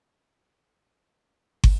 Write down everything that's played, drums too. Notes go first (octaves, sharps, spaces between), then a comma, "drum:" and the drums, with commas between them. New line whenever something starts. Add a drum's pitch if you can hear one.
F#2
G#2 F3 F4
C3
A#3
D#3
C#3
C3
F#2
D#3 D#4
drum: kick